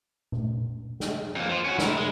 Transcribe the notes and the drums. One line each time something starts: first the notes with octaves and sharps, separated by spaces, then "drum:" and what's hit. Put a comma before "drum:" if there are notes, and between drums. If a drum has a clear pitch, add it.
drum: tom A#2
drum: snare
F2 A#3
F3 F4
C#4 F#4
E4 A#4, drum: snare
G#3